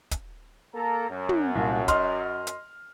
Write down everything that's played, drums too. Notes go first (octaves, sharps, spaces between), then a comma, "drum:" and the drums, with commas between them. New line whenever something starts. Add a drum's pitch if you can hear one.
drum: kick, hi-hat
A#3 A4 A#5
F#2
drum: tom
C2 A#2
D#5 C6 F6, drum: kick, hi-hat
drum: hi-hat